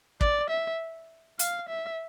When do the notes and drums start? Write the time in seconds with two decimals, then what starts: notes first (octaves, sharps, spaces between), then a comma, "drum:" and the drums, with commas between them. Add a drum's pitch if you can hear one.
0.21 D5, drum: kick
0.50 E5
1.39 F5, drum: hi-hat
1.69 E5